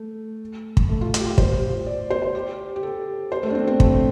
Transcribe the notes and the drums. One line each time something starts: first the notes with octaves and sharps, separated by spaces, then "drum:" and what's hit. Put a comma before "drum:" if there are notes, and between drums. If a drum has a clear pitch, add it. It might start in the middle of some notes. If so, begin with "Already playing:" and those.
Already playing: A3
drum: kick
A3
F4
F4, drum: hi-hat
G4
F4
C5, drum: kick
D5
C5
C5
G4
G4
A4
C5
A3
D4
C4
C4
A3, drum: kick